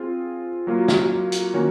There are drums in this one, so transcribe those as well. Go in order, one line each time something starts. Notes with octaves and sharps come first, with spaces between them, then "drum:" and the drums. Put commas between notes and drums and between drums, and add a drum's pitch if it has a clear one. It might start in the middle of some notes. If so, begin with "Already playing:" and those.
Already playing: C4 F4 G#4
F#3 A#3 F4
drum: snare
drum: hi-hat
D#3 A#3 C#4 F#4 C#5